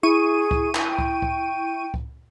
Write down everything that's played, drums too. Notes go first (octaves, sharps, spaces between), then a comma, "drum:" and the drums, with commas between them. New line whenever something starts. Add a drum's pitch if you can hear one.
E4 G#4 C#6 D#7
drum: kick C#2
drum: clap
G5
drum: kick C#2
drum: kick C#2
drum: kick C#2